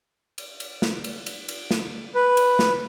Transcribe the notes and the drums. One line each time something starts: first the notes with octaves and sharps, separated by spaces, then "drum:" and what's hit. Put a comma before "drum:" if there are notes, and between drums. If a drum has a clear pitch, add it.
drum: cymbal
drum: cymbal
drum: snare
drum: cymbal
drum: cymbal
drum: cymbal
drum: snare
B4
drum: cymbal
drum: snare